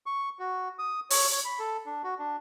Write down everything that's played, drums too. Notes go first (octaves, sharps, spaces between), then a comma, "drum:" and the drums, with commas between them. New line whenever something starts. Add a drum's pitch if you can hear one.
C#6
F#4
D#6
C#5, drum: open hi-hat
C#5
B5
A4
D4
F#4
D4